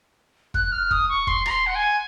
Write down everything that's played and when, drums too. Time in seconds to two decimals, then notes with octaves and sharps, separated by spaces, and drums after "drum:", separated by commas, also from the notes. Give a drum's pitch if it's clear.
0.54 F#6, drum: kick
0.72 F6
0.91 D#6, drum: kick
1.09 C#6
1.27 C6, drum: kick
1.46 A#5, drum: rim click
1.50 C6
1.66 F#5
1.75 G#5